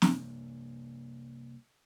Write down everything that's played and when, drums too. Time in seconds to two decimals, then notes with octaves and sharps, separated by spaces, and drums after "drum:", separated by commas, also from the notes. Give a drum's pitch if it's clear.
0.02 C3 G3 A#3, drum: snare